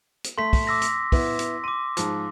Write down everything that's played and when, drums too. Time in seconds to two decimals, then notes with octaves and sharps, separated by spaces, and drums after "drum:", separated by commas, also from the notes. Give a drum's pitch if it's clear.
0.24 drum: hi-hat
0.38 A3 C6 B6
0.53 drum: kick, open hi-hat
0.67 D6 E6 A#6
0.82 drum: hi-hat
1.12 B3 E4, drum: kick, open hi-hat
1.39 drum: hi-hat
1.64 C6 D6 D#7
1.97 G#2 F3, drum: hi-hat